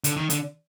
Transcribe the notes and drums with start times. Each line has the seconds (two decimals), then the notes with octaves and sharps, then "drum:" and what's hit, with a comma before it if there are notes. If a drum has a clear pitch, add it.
0.04 D3, drum: hi-hat
0.16 D#3
0.30 D3, drum: hi-hat